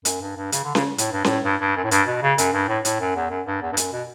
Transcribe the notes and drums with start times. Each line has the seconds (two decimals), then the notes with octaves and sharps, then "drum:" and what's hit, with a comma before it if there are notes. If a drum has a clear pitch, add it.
0.05 F#2, drum: hi-hat
0.21 G2
0.37 G2
0.52 C#3, drum: hi-hat
0.64 D3
0.75 C#3, drum: snare C#4
0.98 A2, drum: hi-hat
1.12 G2
1.24 A2, drum: snare C#4
1.44 G2
1.61 G2
1.76 F#2
1.84 A2
1.91 G2, drum: hi-hat
2.07 B2
2.22 C#3
2.38 F#2, drum: hi-hat
2.53 G2
2.68 A2
2.85 A2, drum: hi-hat
3.00 F#2
3.15 E2
3.30 F#2
3.47 G2
3.62 E2
3.73 G2
3.77 F#2, drum: hi-hat
3.92 B2